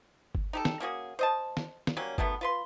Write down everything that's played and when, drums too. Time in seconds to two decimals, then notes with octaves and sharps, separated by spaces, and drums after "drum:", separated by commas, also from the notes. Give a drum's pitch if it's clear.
0.35 drum: kick G1
0.53 D#4 G4 A4
0.65 drum: snare
0.80 A#3 C#4 F#4 G#4
1.19 C5 D#5 A5
1.57 drum: snare
1.87 drum: snare
1.97 F#3 G3 A#3 C#4
2.18 B2 D#3 A3 B3, drum: kick G1
2.41 F4 B4 C6